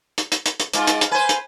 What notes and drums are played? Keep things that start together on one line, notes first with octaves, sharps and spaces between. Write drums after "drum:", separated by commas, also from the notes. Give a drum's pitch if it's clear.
drum: hi-hat
drum: hi-hat
drum: hi-hat
drum: hi-hat
G#2 F4, drum: hi-hat
drum: hi-hat
drum: hi-hat
B4 C5 G#5
drum: hi-hat